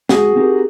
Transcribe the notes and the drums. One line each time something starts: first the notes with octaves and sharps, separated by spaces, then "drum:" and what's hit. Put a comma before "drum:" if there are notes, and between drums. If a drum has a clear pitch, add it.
G#3 F#4 G#4, drum: snare
C4 D#4 G4 A#4